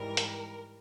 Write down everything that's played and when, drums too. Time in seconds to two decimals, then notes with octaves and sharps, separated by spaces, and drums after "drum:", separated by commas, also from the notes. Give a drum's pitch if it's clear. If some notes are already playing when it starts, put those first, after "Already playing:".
Already playing: G#2 E3 G3 A#4
0.17 drum: hi-hat